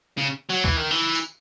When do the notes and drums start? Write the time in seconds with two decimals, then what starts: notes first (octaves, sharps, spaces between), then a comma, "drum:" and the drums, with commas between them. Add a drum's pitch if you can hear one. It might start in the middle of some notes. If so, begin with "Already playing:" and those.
0.18 C#3
0.50 F#3, drum: tambourine
0.64 E3, drum: kick C#2
0.77 D#3
0.91 E3
1.15 drum: tambourine